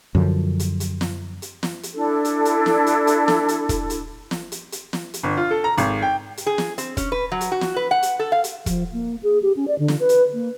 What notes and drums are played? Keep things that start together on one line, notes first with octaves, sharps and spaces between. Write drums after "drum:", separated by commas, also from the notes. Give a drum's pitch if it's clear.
F#2 D3 F3
drum: hi-hat
drum: hi-hat
drum: snare
drum: hi-hat
drum: snare
drum: hi-hat
D4 E4 A4
drum: hi-hat
drum: hi-hat
drum: snare
drum: hi-hat
drum: hi-hat
drum: snare
drum: hi-hat
drum: kick, hi-hat
drum: hi-hat
drum: snare
drum: hi-hat
drum: hi-hat
drum: snare
drum: hi-hat
G1
F4
A4
A#5
G#1, drum: hi-hat
G5
drum: hi-hat
G#4
drum: snare
C4, drum: hi-hat
C#4, drum: kick, hi-hat
B4
F#3
drum: hi-hat
F#4
drum: snare
B4
F#5
drum: hi-hat
A4
F5
drum: hi-hat
F3, drum: kick, hi-hat
A#3
G#4
G4
C#4
D5
D3
drum: snare
B4
drum: hi-hat
A#3